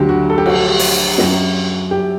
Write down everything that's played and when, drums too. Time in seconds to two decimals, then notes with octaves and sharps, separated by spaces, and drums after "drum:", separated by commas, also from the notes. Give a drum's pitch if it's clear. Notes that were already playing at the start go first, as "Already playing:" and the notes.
Already playing: D2 D3 F#3 G4
0.09 F#4
0.30 A4
0.38 G4
0.46 F#4, drum: cymbal
0.79 drum: open hi-hat
1.18 F#2 F#3, drum: snare
1.91 G4